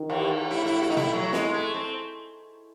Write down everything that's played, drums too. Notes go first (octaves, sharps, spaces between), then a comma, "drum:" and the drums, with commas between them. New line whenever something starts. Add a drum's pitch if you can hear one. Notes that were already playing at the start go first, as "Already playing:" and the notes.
Already playing: D#3
E3, drum: cymbal
A2 E4
E4
F#4
D#4
E4, drum: tom B2
F#3
G#3, drum: snare
A3
C4